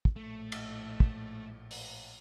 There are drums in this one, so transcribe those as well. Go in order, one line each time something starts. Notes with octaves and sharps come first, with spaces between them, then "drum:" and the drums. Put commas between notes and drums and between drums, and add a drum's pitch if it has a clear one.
drum: kick
A#1 A2 A3
drum: cymbal
drum: kick
drum: open hi-hat